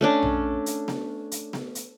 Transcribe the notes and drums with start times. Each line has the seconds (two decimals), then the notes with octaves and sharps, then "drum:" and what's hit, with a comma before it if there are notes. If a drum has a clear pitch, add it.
0.01 A3 C#4 D4
0.23 drum: tom A#1
0.66 drum: hi-hat
0.88 drum: snare B3
1.32 drum: hi-hat
1.53 drum: snare B3
1.75 drum: hi-hat